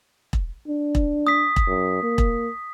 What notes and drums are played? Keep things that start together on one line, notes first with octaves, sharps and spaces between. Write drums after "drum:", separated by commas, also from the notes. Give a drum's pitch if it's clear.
drum: kick E1
D4
drum: kick E1
D#6 B6
drum: kick E1
F#2
A#3
drum: kick E1